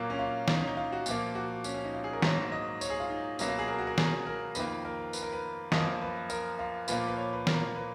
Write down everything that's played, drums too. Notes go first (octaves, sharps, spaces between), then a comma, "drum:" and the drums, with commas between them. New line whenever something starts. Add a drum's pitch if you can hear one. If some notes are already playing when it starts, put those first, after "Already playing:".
Already playing: A#2 F#3 A#3
C#4
F4
D#4, drum: snare
C#4
D#4
F4
F#4
A#2 F3 A#3, drum: tambourine
F#4
C#4, drum: tambourine
C#4
D#4
F4
G#4
A#4
G#2 F#3 A#3 C#5, drum: snare
D#5
C#5, drum: tambourine
G#4
F4
D#4
B2 F#3 A#3 C#4, drum: tambourine
F4
G#4
A#4
F#4
A#4
G#4, drum: snare
A#4
F2 D#3 A#3 B4, drum: tambourine
A#4
B4, drum: tambourine
A#4
B4
F#2 F3 A#3 D#5, drum: snare
B4
A#4, drum: tambourine
F4
A#2 F3 A#3 B4, drum: tambourine
B4
C#5
B4
A#4, drum: snare
B4